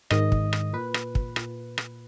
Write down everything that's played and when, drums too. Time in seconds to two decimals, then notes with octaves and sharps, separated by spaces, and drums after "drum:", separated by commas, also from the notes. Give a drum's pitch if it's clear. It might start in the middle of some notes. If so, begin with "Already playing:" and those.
0.10 G#2 D#3 D#5, drum: rim click
0.32 drum: kick
0.53 drum: rim click
0.73 A#2 B4
0.94 drum: rim click
1.15 drum: kick
1.36 A#2, drum: rim click
1.78 drum: rim click